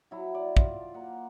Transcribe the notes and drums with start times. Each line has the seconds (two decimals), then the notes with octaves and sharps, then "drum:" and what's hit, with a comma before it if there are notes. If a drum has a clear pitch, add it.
0.11 F#3 E4
0.35 D5
0.57 F4, drum: kick
0.94 A#3 F#5